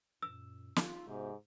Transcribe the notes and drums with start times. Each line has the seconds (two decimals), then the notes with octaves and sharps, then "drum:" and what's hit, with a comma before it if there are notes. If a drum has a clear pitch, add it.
0.22 F#2 A#2 E6
0.76 D#4 F4, drum: snare
1.07 G#2 C3 B3 F#4 C5